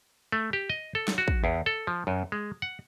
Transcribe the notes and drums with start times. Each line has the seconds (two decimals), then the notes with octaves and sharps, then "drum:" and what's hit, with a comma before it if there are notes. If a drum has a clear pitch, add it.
0.32 A3
0.53 G4
0.70 D#5
0.95 A4
1.08 drum: snare
1.18 F#4
1.28 drum: kick
1.44 E2
1.66 A4
1.87 F3
2.07 F#2
2.32 G#3
2.62 F#5